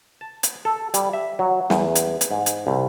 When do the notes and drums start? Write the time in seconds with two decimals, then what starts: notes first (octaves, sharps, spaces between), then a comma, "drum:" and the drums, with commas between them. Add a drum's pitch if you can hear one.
0.21 A5
0.43 drum: hi-hat
0.65 A4
0.94 G3, drum: hi-hat
1.13 E5
1.39 F#3
1.70 E2, drum: snare
1.95 drum: hi-hat
2.21 drum: hi-hat
2.31 G#2
2.46 drum: hi-hat
2.67 C2